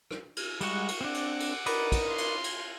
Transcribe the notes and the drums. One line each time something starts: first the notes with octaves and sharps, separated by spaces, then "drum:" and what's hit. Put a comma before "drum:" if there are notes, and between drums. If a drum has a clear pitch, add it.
drum: rim click
drum: cymbal
G3 G#3 F#4 F#5, drum: cymbal
drum: cymbal
C4 D4 F#5 D6
drum: cymbal
drum: cymbal
D#4 A#4 B4 D5, drum: cymbal
drum: kick, cymbal
F4 C6
drum: cymbal
drum: cymbal